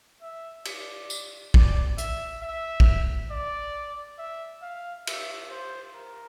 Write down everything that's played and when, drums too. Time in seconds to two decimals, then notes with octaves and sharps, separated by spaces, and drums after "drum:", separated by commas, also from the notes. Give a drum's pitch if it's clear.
0.22 E5
0.65 D5, drum: cymbal
1.10 drum: tambourine
1.54 D5, drum: kick
1.98 E5, drum: hi-hat
2.42 E5
2.80 drum: kick
3.30 D5
4.18 E5
4.62 F5
5.07 E5, drum: cymbal
5.50 C5
5.95 A#4